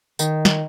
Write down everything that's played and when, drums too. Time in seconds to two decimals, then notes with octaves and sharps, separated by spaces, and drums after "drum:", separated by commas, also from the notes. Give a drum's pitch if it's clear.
0.19 D#3, drum: tambourine
0.45 drum: snare